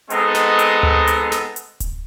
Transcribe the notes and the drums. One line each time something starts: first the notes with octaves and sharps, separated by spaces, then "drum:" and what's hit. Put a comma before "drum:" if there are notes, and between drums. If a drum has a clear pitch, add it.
G#3 B3 C4 D#4 A4 D#5, drum: hi-hat
drum: snare
drum: hi-hat
drum: tom D2
drum: hi-hat
drum: snare
drum: hi-hat
drum: kick D1, hi-hat